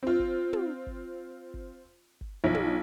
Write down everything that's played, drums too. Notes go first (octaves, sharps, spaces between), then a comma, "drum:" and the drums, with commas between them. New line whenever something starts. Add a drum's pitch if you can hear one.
C4 F4
drum: kick
drum: tom
drum: kick
drum: kick
drum: kick
B1 F3
drum: tom